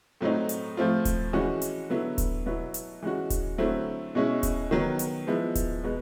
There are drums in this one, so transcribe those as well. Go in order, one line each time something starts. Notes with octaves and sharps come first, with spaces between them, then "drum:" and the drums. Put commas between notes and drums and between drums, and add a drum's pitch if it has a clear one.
A2 F#3 A3 C4 D#4
drum: hi-hat
A2 F3 A3 C4 F4
drum: kick D#1, hi-hat
E3 G#3 C#4 F#4
drum: hi-hat
D3 F#3 B3 E4
drum: kick D#1, hi-hat
B2 F#3 B3 E4
drum: hi-hat
E3 G#3 C#4 F#4
drum: kick D#1, hi-hat
D3 F#3 A3 C4 E4
B2 G#3 C#4 E4
drum: kick D#1, hi-hat
D#3 F#3 B3
drum: hi-hat
F3 G#3 B3 E4
drum: kick D#1, hi-hat
B2 G#3 B3